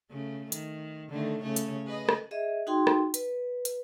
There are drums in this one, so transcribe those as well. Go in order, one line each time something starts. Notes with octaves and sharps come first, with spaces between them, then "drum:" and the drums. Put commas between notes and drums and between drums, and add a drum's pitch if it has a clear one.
C#3 A3
D#3, drum: hi-hat
D3 D#3 A3
C#3 A3 C#5
drum: hi-hat
G#4 B4 D#5
drum: rim click
G#4 D#5 E5
D#4 F#4 G#4 G5 C6
drum: rim click
B4, drum: hi-hat
drum: hi-hat